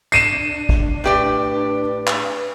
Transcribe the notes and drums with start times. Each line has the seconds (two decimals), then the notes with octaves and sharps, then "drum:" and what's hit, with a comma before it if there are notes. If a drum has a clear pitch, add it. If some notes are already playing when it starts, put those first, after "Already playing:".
0.12 D4 C7 D#7 E7, drum: tambourine
0.69 drum: kick
1.04 A2 G4 B4 D5
2.07 drum: clap